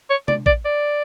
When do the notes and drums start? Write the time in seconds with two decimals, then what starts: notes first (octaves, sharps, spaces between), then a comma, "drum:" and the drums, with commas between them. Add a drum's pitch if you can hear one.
0.10 C#5
0.28 D5, drum: tom C3
0.46 D5, drum: kick
0.65 D5